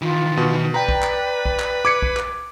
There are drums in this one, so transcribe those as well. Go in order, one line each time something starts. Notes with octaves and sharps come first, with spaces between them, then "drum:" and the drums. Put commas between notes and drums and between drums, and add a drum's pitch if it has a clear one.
D#3 E3 F4
B2
B4 D5 G5 A#5
drum: kick
drum: clap
drum: kick
drum: clap
D6 G#6 C#7
drum: kick
drum: clap